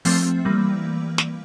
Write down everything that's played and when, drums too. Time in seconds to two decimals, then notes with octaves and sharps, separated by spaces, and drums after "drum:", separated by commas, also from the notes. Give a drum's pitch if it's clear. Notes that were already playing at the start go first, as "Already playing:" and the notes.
0.05 F3 A3 C4, drum: open hi-hat
0.45 E3 G3 A#3
1.18 drum: snare